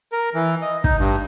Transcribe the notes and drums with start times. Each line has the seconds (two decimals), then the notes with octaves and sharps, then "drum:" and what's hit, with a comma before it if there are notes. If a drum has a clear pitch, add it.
0.12 A#4
0.34 E3
0.62 D#5
0.84 D#4, drum: kick
0.99 G2